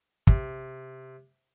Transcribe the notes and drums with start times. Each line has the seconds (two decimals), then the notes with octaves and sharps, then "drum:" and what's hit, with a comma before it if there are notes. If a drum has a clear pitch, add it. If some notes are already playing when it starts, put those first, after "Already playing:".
0.27 C3, drum: kick